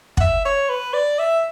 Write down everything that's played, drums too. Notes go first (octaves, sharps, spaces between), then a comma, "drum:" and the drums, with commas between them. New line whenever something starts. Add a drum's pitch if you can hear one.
F#5, drum: kick
E5
C#5
B4
D5
E5